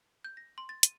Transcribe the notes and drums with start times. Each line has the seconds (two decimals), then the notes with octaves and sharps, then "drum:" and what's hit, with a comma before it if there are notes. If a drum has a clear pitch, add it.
0.24 G6
0.37 A#6
0.58 C6
0.69 A6
0.83 D#7, drum: hi-hat